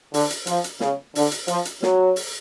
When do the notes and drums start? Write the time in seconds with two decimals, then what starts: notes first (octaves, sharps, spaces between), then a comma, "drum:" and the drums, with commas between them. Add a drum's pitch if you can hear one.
0.14 D3, drum: open hi-hat
0.30 drum: hi-hat
0.47 F3, drum: hi-hat
0.64 drum: hi-hat
0.80 C#3, drum: snare
1.15 D3, drum: open hi-hat
1.32 drum: hi-hat
1.48 F3, drum: hi-hat
1.65 drum: hi-hat
1.83 F#3, drum: snare
2.16 drum: open hi-hat